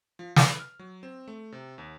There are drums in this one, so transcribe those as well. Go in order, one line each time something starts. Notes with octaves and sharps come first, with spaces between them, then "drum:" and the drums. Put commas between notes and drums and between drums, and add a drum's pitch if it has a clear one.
F3
B4, drum: snare
F6
F#3
C4
A3
C3
D#2